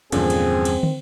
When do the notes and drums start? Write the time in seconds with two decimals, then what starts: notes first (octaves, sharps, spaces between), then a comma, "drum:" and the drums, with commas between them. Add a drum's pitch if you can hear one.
0.12 E2 G2 A#2 D3 F3 C4 C#4 G#4, drum: cymbal
0.30 drum: cymbal
0.65 drum: cymbal
0.83 drum: tom